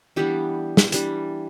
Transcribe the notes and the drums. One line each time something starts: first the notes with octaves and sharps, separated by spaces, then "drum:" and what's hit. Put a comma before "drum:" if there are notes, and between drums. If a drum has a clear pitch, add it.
E3 G3 B3 D4 G4
drum: snare
E3 G3 D4, drum: hi-hat